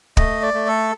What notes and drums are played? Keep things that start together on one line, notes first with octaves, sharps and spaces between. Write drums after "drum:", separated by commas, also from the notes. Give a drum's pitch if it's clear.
A3 D#5, drum: kick
D5
A3
A4